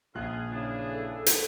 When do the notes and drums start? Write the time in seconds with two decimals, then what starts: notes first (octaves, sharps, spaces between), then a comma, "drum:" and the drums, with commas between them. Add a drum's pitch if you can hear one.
0.15 A#1 C#3 F4 G#4 F#6
0.52 C#3 E3 D4 G#4
0.91 A4
1.26 drum: hi-hat